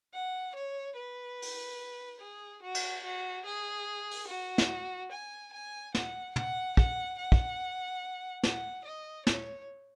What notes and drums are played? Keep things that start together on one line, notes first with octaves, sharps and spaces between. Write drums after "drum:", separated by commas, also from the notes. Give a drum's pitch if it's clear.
F#5
C#5
B4
drum: open hi-hat
G#4
F#4
drum: cymbal
F#4
G#4
drum: open hi-hat
F#4
drum: snare
G#5
G#5
F#5, drum: snare
F#5, drum: tom
F#5, drum: kick
F#5
drum: kick
F#5, drum: snare
D#5
C#5, drum: snare